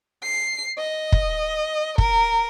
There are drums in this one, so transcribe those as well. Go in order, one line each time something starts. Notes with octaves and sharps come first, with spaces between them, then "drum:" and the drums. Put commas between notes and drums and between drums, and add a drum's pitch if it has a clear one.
C7
D#5
drum: kick
A#4, drum: kick